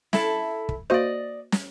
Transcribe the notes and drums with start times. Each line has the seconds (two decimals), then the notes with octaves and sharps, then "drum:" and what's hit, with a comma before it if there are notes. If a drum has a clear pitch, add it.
0.13 E4 A4, drum: snare
0.69 drum: kick
0.90 A#3 F#4 C5 D5 D#5
1.52 drum: snare